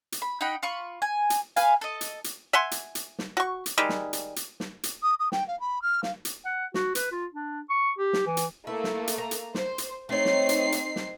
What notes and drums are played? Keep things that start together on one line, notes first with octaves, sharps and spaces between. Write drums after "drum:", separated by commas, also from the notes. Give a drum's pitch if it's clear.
drum: hi-hat
B5
D#4 F#5 G5 B5
F4 B5 C#6
G#5
drum: hi-hat
B4 F5 G#5, drum: hi-hat
A4 D#5
drum: hi-hat
drum: hi-hat
E5 F#5 G#5 C6
drum: hi-hat
drum: hi-hat
drum: snare
F#4 C#6
drum: hi-hat
D#3 G3 G#3
drum: snare
drum: hi-hat
drum: hi-hat
drum: snare
drum: hi-hat
D#6
D#6
G5, drum: snare
F5
B5
F6
F5, drum: snare
drum: hi-hat
F#5
F#4, drum: snare
B4, drum: hi-hat
F4
D4
C#6
G4
drum: snare
E3
drum: hi-hat
A3 A#3 E4
drum: snare
drum: hi-hat
A#5
drum: hi-hat
C5, drum: snare
drum: hi-hat
A3 C4 D#4 C#5 C7
drum: snare
drum: hi-hat
drum: hi-hat
drum: snare